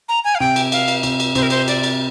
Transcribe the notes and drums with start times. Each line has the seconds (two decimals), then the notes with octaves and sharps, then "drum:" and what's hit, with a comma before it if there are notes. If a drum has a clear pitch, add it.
0.09 A#5
0.24 G#5
0.35 F5
0.40 C3 G5
0.56 drum: cymbal
0.72 F5, drum: cymbal
0.88 drum: cymbal
1.03 C3, drum: cymbal
1.20 drum: cymbal
1.35 C3 C5, drum: cymbal
1.43 A#4
1.50 C5, drum: cymbal
1.68 D5, drum: cymbal
1.84 drum: cymbal